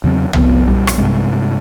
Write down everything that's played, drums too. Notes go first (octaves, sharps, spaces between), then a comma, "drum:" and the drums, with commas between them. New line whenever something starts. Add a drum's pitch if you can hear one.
E2 C#3 F#3 C4
F1 F2 B3, drum: tom
A#1 G3
drum: rim click
G2 C3 G#3